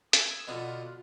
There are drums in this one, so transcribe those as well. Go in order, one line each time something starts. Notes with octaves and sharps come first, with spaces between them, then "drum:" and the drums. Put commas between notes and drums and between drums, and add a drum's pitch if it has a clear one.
D#6 E6 G#6, drum: hi-hat
B2 D3 B3 F4